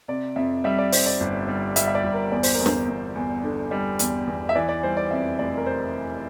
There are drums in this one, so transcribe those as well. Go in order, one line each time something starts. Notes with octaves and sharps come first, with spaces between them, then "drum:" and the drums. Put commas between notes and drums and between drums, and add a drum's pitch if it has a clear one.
C3 D5
F2 E5
G3 E5
D5
G3 C5, drum: open hi-hat
D5
G1
G3
G3 E5, drum: hi-hat
E5
D5
G1
A#4
E2 D5
C5, drum: open hi-hat
A#4
E2
C5, drum: snare
E2
E2
D3
G3
E2, drum: hi-hat
E2
E5
E3 D5
D5
G3 C5
D5
F2 E5
F1 D5
A#4
C5